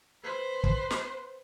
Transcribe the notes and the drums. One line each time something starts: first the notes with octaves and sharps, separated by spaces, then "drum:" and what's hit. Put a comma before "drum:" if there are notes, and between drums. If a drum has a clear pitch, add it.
B4 C5
drum: kick
drum: snare